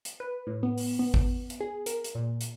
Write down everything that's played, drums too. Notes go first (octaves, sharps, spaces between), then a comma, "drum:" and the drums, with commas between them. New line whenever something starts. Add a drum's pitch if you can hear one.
drum: hi-hat
B4
A2
B3
drum: open hi-hat
B3
drum: kick G#1
drum: hi-hat
G#4
A#4, drum: hi-hat
drum: hi-hat
A#2
drum: hi-hat